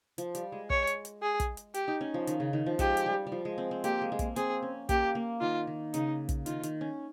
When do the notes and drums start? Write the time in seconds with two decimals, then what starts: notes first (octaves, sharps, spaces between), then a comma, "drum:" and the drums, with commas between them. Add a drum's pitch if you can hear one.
0.18 F3, drum: hi-hat
0.35 G3, drum: hi-hat
0.52 G#3
0.70 C#5, drum: kick
0.87 drum: hi-hat
1.05 drum: hi-hat
1.22 G#4
1.40 drum: kick, hi-hat
1.57 drum: hi-hat
1.74 G4, drum: hi-hat
1.88 D#4
2.01 C#4
2.14 F3
2.27 D#3, drum: hi-hat
2.40 C#3
2.53 D#3
2.66 F3
2.79 G#3 G4, drum: kick, hi-hat
2.97 drum: hi-hat
3.06 G3
3.27 G3
3.32 F3
3.45 G#3
3.58 C4
3.71 C4
3.84 A#3 G4, drum: hi-hat
4.02 G#3
4.12 G#3
4.19 A#3, drum: kick, hi-hat
4.36 C4 G#4, drum: hi-hat
4.62 C#4
4.89 A#3 G4, drum: kick, hi-hat
5.15 A#3
5.41 D#3 F4
5.67 D#3
5.94 C#3 D#4, drum: hi-hat
6.29 drum: kick, hi-hat
6.46 D#3 F4, drum: hi-hat
6.63 D#3, drum: hi-hat
6.81 C#4